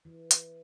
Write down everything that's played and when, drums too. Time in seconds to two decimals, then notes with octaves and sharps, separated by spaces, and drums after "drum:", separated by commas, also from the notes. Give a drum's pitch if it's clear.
0.05 E3
0.31 drum: hi-hat